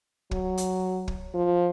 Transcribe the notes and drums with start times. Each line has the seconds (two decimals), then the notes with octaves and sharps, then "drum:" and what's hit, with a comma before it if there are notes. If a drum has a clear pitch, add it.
0.31 F#3, drum: kick
0.57 drum: hi-hat
1.08 drum: kick
1.34 F3